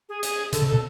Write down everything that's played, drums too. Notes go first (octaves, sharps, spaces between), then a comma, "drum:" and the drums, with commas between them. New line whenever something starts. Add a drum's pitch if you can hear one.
G#4
G#4, drum: hi-hat
D3 A4, drum: hi-hat
C#3
B2 A4